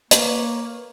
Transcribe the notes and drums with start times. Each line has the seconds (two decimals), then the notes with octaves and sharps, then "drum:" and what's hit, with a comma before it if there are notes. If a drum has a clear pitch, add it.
0.11 A#3 B4 C#5, drum: hi-hat